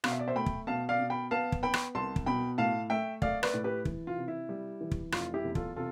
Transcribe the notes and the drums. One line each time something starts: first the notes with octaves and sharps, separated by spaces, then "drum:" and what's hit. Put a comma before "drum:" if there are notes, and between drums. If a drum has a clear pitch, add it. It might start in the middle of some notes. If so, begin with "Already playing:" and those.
B2 F5, drum: rim click
E5
D5
C5 E5
A3 G5 B5
drum: kick
B2 F5 A5
D5 F5
B2
G5 B5
B3 F5 A5
drum: kick
B3 G5 B5
drum: rim click
C2 A5 C6
drum: kick
B2 G5 B5
A2 F5 A5
A3 E5 G5
A3 D5 F5, drum: kick
B4 D5, drum: rim click
A2
G4 B4
E3, drum: kick
F4
C3
E4
G3
E3
drum: kick
F1 F4, drum: rim click
E4 G4
E2
F4 A4, drum: kick
C3 F4 A4